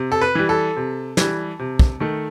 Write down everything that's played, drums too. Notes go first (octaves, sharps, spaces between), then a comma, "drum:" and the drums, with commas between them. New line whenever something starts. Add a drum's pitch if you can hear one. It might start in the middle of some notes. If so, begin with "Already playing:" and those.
Already playing: C3
A4
B4
E3 G3
A4
C3
E3 G3, drum: snare
C3
drum: kick
D#3 A3